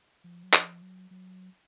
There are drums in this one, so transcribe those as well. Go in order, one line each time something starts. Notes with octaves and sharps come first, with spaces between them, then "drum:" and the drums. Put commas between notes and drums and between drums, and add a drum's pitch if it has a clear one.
F3
F#3
F3, drum: clap
F#3
F#3